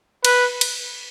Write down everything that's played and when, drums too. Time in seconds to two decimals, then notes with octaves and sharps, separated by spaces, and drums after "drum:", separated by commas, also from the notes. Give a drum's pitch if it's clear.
0.25 B4, drum: cymbal
0.61 drum: cymbal